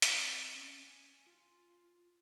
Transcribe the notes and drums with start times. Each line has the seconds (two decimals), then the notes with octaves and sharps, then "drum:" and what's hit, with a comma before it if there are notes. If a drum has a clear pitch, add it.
0.02 C3, drum: hi-hat
0.55 C#4
0.81 G#5
1.27 F4